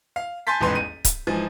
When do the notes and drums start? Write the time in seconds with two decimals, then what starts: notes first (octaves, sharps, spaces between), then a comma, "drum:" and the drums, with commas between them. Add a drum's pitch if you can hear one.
0.16 F5
0.47 G#5 A5 C6 G6 A6 B6
0.61 D#1 A1 E2 G#2 B4 C6
0.75 D#7
1.05 drum: kick C#1, hi-hat
1.27 G#2 E3 F3 G#5